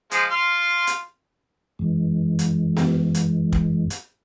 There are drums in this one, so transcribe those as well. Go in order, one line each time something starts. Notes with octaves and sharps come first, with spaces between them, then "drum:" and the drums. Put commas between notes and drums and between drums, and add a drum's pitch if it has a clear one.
F3 G#3, drum: hi-hat
F4 C6 F6
drum: hi-hat
F#2 E3 G#3
drum: hi-hat
drum: snare B3
drum: hi-hat
drum: kick
drum: hi-hat